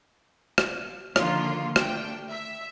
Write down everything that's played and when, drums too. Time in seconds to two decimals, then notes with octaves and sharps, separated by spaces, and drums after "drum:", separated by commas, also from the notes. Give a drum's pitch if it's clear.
0.58 drum: rim click
1.16 D3 D#3 F3 A#3 F4, drum: rim click
1.76 A3 D4 G5, drum: rim click
2.31 E5